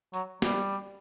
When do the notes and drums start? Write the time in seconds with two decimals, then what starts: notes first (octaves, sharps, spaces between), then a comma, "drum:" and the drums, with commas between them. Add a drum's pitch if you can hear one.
0.13 F#3, drum: tambourine
0.42 G3, drum: snare